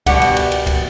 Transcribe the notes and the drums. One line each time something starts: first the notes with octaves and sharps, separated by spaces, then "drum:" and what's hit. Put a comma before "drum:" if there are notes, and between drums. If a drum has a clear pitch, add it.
B2 G3 G4 F#5, drum: kick C#2, cymbal
drum: cymbal
drum: cymbal
drum: cymbal
drum: kick C#2, cymbal